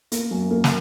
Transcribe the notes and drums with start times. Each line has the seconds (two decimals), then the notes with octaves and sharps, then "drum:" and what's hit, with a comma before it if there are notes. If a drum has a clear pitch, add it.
0.12 A#3, drum: hi-hat
0.31 F#2
0.51 A#3
0.64 drum: snare